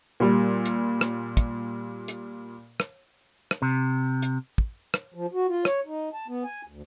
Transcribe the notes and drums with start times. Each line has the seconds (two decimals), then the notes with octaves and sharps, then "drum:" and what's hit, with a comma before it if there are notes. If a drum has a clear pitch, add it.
0.20 A#2 G3
0.66 drum: hi-hat
1.01 drum: rim click
1.37 drum: kick, hi-hat
2.08 drum: hi-hat
2.80 drum: rim click
3.51 drum: rim click
3.62 C3
4.22 drum: hi-hat
4.58 drum: kick
4.94 drum: rim click
5.14 F3
5.34 F#4
5.48 F4
5.65 C#5, drum: rim click
5.86 D#4
6.14 A5
6.28 B3
6.44 G#5
6.67 D2